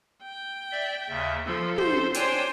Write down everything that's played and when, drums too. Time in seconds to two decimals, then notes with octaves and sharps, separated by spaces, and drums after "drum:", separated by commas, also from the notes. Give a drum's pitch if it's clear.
0.22 G5
0.72 D5 E5
1.09 D#2 C#3 E5
1.46 F3 A4
1.78 C5, drum: tom
2.14 D4 C5 C#5 G5 G#5, drum: hi-hat